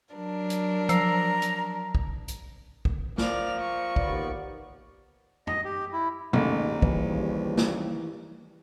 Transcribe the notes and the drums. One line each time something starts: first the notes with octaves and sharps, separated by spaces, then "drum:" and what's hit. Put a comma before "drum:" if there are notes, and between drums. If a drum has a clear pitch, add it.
F#3 D4 A#4
drum: hi-hat
F3 A#5 E6 C7, drum: hi-hat
drum: hi-hat
drum: kick
drum: hi-hat
drum: kick
F3 A#4 D5 F7, drum: snare
C#6
D#2 B3 D5, drum: kick
D#5, drum: tom
G4
E4
A1 D#2 G#2 G#3 D#4, drum: tom A#2
C#3 E3 F3 G3, drum: kick
drum: snare